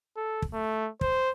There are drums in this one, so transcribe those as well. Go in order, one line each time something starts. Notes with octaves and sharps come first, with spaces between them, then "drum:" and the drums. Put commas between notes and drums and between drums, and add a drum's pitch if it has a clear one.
A4
drum: kick
A3
C5, drum: kick